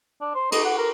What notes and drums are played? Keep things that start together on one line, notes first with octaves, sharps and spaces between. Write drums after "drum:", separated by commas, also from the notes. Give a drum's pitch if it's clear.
D4
C5
D#4, drum: cymbal
F#5
A#4